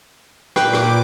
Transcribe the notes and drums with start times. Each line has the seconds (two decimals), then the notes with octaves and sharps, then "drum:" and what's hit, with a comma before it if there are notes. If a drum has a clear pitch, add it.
0.56 A#2 B4 G5 D6, drum: rim click
0.73 drum: rim click